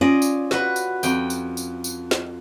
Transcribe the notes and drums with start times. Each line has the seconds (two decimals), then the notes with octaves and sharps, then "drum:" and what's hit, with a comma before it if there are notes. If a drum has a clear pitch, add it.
0.01 C#4 F4 D5 D#5
0.22 drum: tambourine
0.51 F#4 B4, drum: snare
0.76 drum: tambourine
1.03 F2 G5, drum: tambourine
1.30 drum: tambourine
1.57 drum: tambourine
1.84 drum: tambourine
2.11 drum: snare